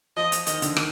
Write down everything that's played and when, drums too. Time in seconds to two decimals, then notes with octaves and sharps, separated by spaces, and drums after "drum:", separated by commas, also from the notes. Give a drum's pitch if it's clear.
0.17 F3 D#5
0.32 drum: hi-hat
0.46 D#3 D#5, drum: hi-hat
0.62 D3, drum: hi-hat
0.77 D#3, drum: rim click